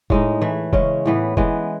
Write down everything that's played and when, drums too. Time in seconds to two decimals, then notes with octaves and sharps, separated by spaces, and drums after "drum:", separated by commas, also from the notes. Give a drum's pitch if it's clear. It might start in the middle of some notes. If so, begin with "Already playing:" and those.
0.10 A2 G#3 D#4, drum: kick E1
0.41 E3 A3 E4
0.73 C#3 G#3 C#4, drum: kick E1
1.06 A2 E3 B3
1.37 E3 G#3 B3, drum: kick E1